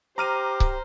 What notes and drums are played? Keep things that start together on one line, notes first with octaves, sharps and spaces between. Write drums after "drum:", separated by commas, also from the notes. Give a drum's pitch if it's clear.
G4 C5 A#5 D6 F6 D#7
drum: kick C#1